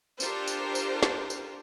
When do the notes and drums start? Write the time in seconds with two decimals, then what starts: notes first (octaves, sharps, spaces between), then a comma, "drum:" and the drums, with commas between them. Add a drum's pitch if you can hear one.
0.20 D4 F4 G4 A4 A#4 C5, drum: tambourine
0.48 drum: tambourine
0.75 drum: tambourine
1.03 drum: snare
1.30 drum: tambourine